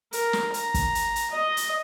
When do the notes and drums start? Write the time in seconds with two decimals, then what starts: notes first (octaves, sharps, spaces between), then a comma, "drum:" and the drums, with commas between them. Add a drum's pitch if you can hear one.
0.13 A#4, drum: hi-hat
0.33 drum: snare
0.54 A#5, drum: hi-hat
0.74 drum: kick, hi-hat
0.95 drum: hi-hat
1.16 drum: hi-hat
1.31 D#5
1.57 drum: hi-hat